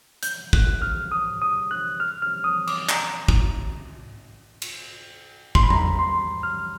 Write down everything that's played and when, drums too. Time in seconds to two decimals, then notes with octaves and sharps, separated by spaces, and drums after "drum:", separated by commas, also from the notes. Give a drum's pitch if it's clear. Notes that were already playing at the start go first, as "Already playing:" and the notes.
0.23 G6, drum: hi-hat
0.53 F#6, drum: kick
0.82 F6
1.11 D#6
1.42 D#6
1.71 F#6
2.00 F6
2.22 F6
2.44 D#6
2.67 D6, drum: cymbal
2.89 A#5, drum: clap
3.28 drum: kick
4.62 drum: cymbal
5.55 C6, drum: kick
5.63 B5
5.70 A#5, drum: tom E2
5.78 B5
5.99 C6
6.43 F6